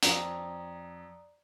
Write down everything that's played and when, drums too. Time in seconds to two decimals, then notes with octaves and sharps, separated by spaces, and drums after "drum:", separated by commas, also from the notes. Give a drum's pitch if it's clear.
0.03 F2 F3 D5 A#5 D#6, drum: hi-hat